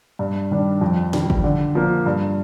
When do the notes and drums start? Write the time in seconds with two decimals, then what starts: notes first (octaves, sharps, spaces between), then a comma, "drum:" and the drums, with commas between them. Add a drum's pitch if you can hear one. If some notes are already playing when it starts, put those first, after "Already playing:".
0.19 G2
0.51 D#3 G3 D4
0.81 F2
1.13 D#3 G3, drum: snare
1.30 drum: kick
1.44 D3
1.75 F3 A#3 D4
2.06 G2